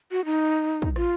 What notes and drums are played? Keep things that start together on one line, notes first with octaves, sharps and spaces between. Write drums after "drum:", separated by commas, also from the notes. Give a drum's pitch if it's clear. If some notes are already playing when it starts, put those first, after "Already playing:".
F#4
D#4
drum: kick
F4, drum: rim click